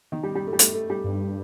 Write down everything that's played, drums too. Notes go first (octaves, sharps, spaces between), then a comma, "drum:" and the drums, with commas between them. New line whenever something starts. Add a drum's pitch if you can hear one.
D#3
G3
G3
A3
G3
A3, drum: hi-hat
A3
G3
G2